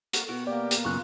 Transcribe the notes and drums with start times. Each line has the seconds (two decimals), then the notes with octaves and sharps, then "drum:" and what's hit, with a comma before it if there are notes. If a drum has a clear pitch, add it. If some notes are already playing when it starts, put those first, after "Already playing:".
0.13 A#3 F#4, drum: hi-hat
0.28 B2 F#4 A#4 G5
0.47 A#3 G4 D5
0.71 drum: hi-hat
0.85 F#2 C#3 F4 C#6 F#6